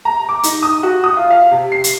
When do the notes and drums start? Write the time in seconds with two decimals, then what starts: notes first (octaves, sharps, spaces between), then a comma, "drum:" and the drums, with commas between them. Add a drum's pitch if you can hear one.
0.05 A#5
0.29 D6
0.43 D#4, drum: hi-hat
0.63 D#6
0.83 F#4
1.04 D#6
1.17 F4
1.31 F5
1.51 C3
1.72 C7
1.84 drum: hi-hat